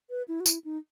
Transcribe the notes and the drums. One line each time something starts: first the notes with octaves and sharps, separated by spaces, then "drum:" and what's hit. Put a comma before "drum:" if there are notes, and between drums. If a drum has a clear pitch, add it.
B4
E4
F#4
E4, drum: tambourine
D#4